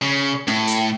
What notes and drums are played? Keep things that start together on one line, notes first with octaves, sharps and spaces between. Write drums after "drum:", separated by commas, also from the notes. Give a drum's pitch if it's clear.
C#3
A2, drum: snare
drum: hi-hat